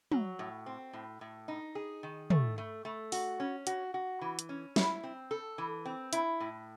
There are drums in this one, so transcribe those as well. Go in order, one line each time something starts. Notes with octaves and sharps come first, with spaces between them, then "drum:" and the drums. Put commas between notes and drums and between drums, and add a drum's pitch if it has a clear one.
F#3, drum: tom
A2
C4
A2
A2
D#4
G#4
D#3
A3, drum: tom
A3
A3
F#4, drum: open hi-hat
C#4
F#4, drum: hi-hat
F#4
E3
drum: hi-hat
C#4
E4, drum: snare
C4
A4
E3
C4
E4, drum: hi-hat
A2